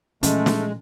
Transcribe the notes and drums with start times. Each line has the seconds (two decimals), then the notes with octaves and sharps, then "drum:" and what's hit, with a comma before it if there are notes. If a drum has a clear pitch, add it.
0.23 A#2 E3 F3 G#3 A3 C#4, drum: hi-hat
0.46 drum: snare